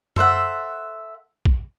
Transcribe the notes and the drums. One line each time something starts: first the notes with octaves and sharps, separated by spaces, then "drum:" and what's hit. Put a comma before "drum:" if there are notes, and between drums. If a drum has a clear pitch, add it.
A4 C5 E5 F#5, drum: tom F#2
drum: kick A#1